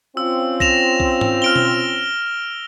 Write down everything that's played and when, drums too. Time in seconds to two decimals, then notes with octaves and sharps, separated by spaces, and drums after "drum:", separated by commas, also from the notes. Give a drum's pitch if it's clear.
0.17 C4 C#4 F4 E6
0.60 A#6 E7 F7, drum: kick B1
1.00 drum: kick B1
1.21 drum: tom G#2
1.42 F6 D7 G7
1.56 drum: tom B2